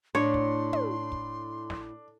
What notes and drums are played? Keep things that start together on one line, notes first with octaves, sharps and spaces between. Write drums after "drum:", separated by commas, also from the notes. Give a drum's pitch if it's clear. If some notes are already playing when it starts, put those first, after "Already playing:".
A2 D4 C#5 C6
drum: kick
drum: tom
drum: kick
drum: snare